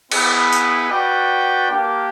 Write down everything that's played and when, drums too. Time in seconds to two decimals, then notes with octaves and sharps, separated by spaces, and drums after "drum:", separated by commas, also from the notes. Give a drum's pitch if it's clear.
0.12 B3 E4 G#4 B4, drum: cymbal
0.52 drum: tambourine
0.90 F#4 B4 D5 G5
1.69 A#3 D4 G4 A#4